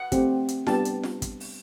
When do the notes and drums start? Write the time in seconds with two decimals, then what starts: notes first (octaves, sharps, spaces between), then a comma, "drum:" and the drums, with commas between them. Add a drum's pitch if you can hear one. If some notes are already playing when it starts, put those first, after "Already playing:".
Already playing: F#5
0.12 A3 C4 G4, drum: kick, hi-hat
0.48 drum: hi-hat
0.67 G3 B3 D4 G4 A5, drum: snare F4
0.85 drum: hi-hat
1.04 drum: snare F4
1.22 drum: kick, hi-hat
1.40 drum: open hi-hat